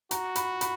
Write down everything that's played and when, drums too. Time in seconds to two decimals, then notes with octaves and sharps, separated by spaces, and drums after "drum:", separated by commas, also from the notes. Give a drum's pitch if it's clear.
0.11 F#4 A#5, drum: hi-hat
0.36 B5, drum: hi-hat
0.61 B5, drum: hi-hat